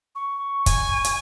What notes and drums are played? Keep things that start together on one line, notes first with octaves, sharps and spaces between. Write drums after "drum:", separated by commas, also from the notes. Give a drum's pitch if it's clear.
C#6
G#5, drum: kick, hi-hat
drum: hi-hat